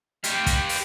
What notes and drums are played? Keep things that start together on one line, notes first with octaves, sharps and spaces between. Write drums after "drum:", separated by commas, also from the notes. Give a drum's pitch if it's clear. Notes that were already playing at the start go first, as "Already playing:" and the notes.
G4 F5, drum: hi-hat
drum: kick, hi-hat
drum: open hi-hat